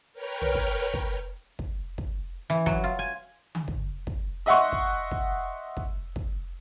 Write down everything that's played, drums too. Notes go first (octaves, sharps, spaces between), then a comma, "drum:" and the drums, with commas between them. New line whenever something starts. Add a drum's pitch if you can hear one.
A#4 B4 C#5 G5 F6
drum: tom
drum: kick
drum: kick
drum: kick
drum: kick
E3
F#3, drum: kick
F4
G#5
drum: tom D3
drum: kick
drum: kick
D#5 E5 F#5 C6 C#6
drum: kick
drum: kick
drum: kick
drum: kick